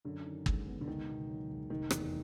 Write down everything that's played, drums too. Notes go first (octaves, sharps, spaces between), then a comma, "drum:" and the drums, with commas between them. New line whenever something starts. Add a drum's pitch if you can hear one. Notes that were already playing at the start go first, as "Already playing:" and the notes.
F#2 D3
D#3
G#3, drum: kick
B3
D3
C#2 D#3
B2
F#3
C#2
F1 D#3
E2, drum: rim click